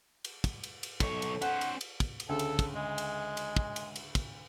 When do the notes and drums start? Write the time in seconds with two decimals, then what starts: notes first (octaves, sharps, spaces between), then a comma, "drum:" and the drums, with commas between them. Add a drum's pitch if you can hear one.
0.24 drum: cymbal
0.44 drum: kick, cymbal
0.64 drum: cymbal
0.83 drum: cymbal
1.00 B1 A4 C#5, drum: kick, cymbal
1.22 drum: cymbal
1.42 C#4 C5 F#5, drum: cymbal
1.61 drum: cymbal
1.81 drum: cymbal
2.00 drum: kick, cymbal
2.20 drum: cymbal
2.29 D2 C#3 A4
2.39 drum: cymbal
2.59 drum: kick, cymbal
2.75 G#3
2.98 drum: cymbal
3.37 drum: cymbal
3.57 drum: kick
3.76 drum: cymbal
3.96 drum: cymbal
4.15 drum: kick, cymbal